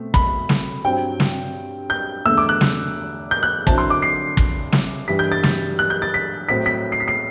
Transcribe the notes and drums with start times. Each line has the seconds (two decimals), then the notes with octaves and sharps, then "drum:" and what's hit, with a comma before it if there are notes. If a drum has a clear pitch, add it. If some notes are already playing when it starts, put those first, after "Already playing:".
Already playing: B2 A3 C4
0.14 B5, drum: kick
0.49 drum: snare
0.85 G2 F#3 C4 G5
1.20 drum: snare
1.90 G6
2.25 E2 D3 A3 E6
2.38 D6
2.49 F#6
2.61 drum: snare
3.31 G6
3.43 F#6
3.67 D3 F#3 C4 E4 A5, drum: kick
3.78 C6
3.90 D6
4.02 C7
4.37 drum: kick
4.72 drum: snare
5.08 G2 E3 G3 D4 B6
5.19 G6
5.32 A6
5.44 A6, drum: snare
5.79 F#6
5.90 G6
6.02 A6
6.14 B6
6.49 A2 F#3 C4 B6
6.66 B6
6.92 C7
7.00 B6
7.08 C7